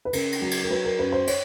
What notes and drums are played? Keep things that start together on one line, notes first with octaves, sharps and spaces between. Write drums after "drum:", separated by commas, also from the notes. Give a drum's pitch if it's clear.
B4
C#3 A#4, drum: cymbal
drum: cymbal
F#3
drum: cymbal
A#4
F#3 B4
A#4
F#2 B4
C5
C#5, drum: cymbal